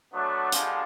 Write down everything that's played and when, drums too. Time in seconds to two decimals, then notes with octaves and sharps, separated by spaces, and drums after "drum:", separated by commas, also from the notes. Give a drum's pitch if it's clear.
0.12 F#3 A3 B3 D4
0.52 D3 F3 G3 G#3, drum: hi-hat